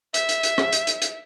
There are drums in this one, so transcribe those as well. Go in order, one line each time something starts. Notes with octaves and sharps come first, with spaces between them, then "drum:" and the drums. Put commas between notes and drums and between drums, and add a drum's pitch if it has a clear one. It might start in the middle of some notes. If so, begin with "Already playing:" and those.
E5, drum: hi-hat
drum: hi-hat
drum: hi-hat
drum: rim click
drum: hi-hat
drum: hi-hat
drum: hi-hat